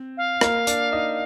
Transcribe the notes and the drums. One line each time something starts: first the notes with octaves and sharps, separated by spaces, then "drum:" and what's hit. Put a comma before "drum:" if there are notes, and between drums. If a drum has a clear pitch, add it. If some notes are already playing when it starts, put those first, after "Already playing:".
Already playing: C4
F5
A#3 A#4, drum: rim click
D4 D5, drum: hi-hat
D#4 D#5